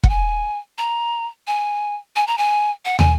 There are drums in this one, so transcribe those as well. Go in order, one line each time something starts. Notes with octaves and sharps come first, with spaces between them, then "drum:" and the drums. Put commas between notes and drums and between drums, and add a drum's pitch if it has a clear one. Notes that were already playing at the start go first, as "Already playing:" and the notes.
F#5, drum: kick
G#5
A#5
G#5
G#5
A#5
G#5
F#5
G#5, drum: tom